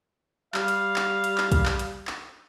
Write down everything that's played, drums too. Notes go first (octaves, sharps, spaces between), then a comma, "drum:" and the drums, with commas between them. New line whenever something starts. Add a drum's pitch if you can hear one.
G3 F5, drum: clap
drum: hi-hat
drum: clap
drum: hi-hat
drum: clap
drum: kick A#1, hi-hat
drum: clap
drum: hi-hat
drum: clap